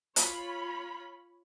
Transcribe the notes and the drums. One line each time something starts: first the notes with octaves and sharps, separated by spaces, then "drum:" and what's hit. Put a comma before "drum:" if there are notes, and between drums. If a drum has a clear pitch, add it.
F4 C#5 B5, drum: hi-hat